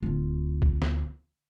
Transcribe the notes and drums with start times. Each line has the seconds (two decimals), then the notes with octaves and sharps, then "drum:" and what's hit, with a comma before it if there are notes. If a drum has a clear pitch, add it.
0.03 D1 F4
0.62 drum: kick
0.82 drum: snare